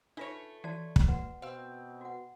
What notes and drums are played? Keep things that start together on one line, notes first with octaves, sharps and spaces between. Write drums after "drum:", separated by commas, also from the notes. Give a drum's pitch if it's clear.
A3 D4 D#4 F4 B4 C#5 A#6 C#7
E3 F#4 D5 A5
drum: kick
G1 F#4 B4 F#5
B2 C4 F5 E6
F#4 F#5